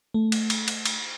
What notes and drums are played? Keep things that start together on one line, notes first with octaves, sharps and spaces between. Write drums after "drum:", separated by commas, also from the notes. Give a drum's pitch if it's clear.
A3
drum: cymbal
drum: cymbal
drum: cymbal
drum: cymbal